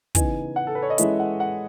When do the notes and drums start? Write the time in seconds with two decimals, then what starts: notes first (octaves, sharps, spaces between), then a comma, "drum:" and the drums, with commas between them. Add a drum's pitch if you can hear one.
0.15 C#3 E3 B3 D#4 G#5, drum: kick, hi-hat
0.56 F#5
0.67 A4
0.75 B4
0.82 C#5
0.90 D#5
0.98 E3 G#3 C#4 E4 E5, drum: hi-hat
1.19 F#5
1.40 F#5